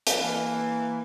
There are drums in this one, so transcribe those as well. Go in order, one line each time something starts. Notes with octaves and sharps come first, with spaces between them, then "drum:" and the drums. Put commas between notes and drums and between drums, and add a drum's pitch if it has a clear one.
drum: hi-hat
E3 A#3